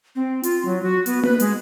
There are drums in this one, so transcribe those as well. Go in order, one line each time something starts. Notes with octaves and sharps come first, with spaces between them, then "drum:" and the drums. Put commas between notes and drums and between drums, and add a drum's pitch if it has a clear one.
C4
F4, drum: hi-hat
F#3
F#4
B3, drum: hi-hat
B4, drum: tom A#3
G#3, drum: hi-hat